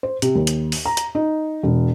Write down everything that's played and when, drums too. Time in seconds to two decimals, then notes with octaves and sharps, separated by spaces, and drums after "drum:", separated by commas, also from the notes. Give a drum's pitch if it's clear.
0.03 C5
0.22 C3, drum: hi-hat
0.35 D#2
0.47 drum: hi-hat
0.72 drum: open hi-hat
0.85 A#5
0.97 drum: hi-hat
1.15 D#4
1.63 E1